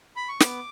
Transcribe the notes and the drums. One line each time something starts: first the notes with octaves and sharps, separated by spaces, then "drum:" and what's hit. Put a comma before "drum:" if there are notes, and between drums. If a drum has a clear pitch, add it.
B5
C#6
B3 D6, drum: snare